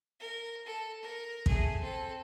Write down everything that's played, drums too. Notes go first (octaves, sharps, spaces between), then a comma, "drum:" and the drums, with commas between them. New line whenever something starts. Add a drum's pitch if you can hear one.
A#4
A4
A#4
A3 G#4, drum: kick
C4 A4